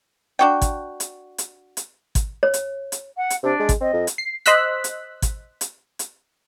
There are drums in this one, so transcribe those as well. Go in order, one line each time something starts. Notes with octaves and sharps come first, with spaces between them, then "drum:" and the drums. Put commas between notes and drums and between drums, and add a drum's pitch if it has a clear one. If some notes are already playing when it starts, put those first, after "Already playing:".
D4 F#4 G5
drum: kick, hi-hat
drum: hi-hat
drum: hi-hat
drum: hi-hat
drum: kick, hi-hat
C#5
drum: hi-hat
drum: hi-hat
F#5
drum: hi-hat
C3 D4
G#3
drum: kick, hi-hat
C4 D#5
F2
drum: hi-hat
C7
C5 D#5 C6 E6 F#6 B6, drum: hi-hat
drum: hi-hat
drum: kick, hi-hat
drum: hi-hat
drum: hi-hat